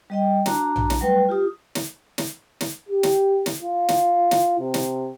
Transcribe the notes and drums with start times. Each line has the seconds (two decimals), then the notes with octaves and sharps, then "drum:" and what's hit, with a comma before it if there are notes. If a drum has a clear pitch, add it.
0.10 G3 D#5 G5
0.46 D4 F#4 A5 A#5, drum: snare
0.76 drum: tom A#1
0.90 drum: snare
1.01 F#3 G3 A3 B4 G5
1.29 F4 G4 D#6
1.75 drum: snare
2.18 drum: snare
2.61 drum: snare
2.89 G4
3.03 drum: snare
3.46 drum: snare
3.63 F4
3.89 drum: snare
4.31 drum: snare
4.60 C3
4.74 drum: snare